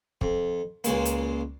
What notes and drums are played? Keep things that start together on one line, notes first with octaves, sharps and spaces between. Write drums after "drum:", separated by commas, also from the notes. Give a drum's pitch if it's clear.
F2, drum: kick
C#2 A#2 G#3 A#3, drum: hi-hat
drum: hi-hat